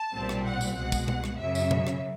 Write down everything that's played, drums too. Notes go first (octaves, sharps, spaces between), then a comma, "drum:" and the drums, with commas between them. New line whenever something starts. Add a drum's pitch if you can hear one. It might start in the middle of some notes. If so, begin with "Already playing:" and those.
Already playing: A5
B1 A#2 G3 C4
drum: rim click
F#5
drum: tambourine
C2 B2 G#3 F#5
drum: kick, tambourine
drum: tom B2
drum: rim click
F#2 C#3 F#3 E5
drum: tambourine
drum: tom B2
drum: rim click